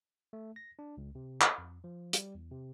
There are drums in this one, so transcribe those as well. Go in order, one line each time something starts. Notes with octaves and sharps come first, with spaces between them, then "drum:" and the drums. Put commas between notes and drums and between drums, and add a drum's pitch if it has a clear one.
A3
A#6
D4
C#2
C3
D#5, drum: clap
F2
F3
G3, drum: hi-hat
E2
C3